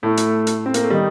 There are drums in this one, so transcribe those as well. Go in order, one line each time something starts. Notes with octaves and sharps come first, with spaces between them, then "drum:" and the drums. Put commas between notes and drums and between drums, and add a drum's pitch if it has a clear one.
A2 A3
drum: hi-hat
drum: hi-hat
C4
A#3, drum: hi-hat
A3
D#3 G3